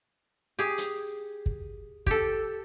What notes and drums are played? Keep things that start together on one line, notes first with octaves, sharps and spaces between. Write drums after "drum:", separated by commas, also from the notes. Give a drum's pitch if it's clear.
G4 G#4
drum: hi-hat
drum: kick
G4 A4, drum: kick